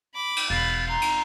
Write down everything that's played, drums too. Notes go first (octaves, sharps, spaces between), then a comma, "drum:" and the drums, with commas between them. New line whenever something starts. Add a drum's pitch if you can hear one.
B5 D6
drum: cymbal
E1 F5 B5 A6
A#5 C6
drum: cymbal